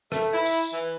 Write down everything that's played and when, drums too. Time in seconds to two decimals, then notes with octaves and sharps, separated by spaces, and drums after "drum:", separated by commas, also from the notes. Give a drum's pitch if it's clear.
0.12 A3, drum: rim click
0.33 E4
0.46 drum: tambourine
0.63 drum: tambourine
0.73 E3